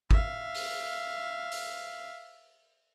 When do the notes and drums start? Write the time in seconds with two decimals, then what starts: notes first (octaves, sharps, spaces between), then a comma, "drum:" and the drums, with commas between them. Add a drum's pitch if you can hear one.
0.11 E5 F5, drum: kick
0.54 drum: open hi-hat
1.51 drum: open hi-hat